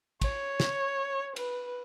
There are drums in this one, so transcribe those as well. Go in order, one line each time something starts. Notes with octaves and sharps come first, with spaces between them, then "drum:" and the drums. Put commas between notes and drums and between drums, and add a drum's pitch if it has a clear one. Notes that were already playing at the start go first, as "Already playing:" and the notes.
C#5, drum: kick, cymbal
drum: snare
B4, drum: cymbal